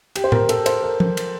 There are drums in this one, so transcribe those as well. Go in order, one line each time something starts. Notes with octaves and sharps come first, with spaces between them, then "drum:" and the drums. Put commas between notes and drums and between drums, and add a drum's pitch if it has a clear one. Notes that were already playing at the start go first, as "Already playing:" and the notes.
G4, drum: cymbal
C5
A#4, drum: tom A2
A4, drum: cymbal
C5, drum: cymbal
A#4
drum: tom
drum: cymbal